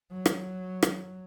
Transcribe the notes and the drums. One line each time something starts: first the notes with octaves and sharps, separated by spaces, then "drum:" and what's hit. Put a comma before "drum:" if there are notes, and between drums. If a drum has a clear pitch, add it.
F#3
drum: rim click
drum: rim click